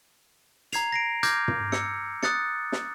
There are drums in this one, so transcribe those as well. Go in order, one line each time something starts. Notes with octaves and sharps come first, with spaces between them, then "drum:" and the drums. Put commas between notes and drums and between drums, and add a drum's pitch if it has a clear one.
A#5 G#6 C7 F7, drum: hi-hat
A#6 C7 D7
D6 F6 G6 G#6 A#6, drum: hi-hat
drum: tom
E6 C#7, drum: snare
D#6 F#6 A6 C#7, drum: snare
drum: snare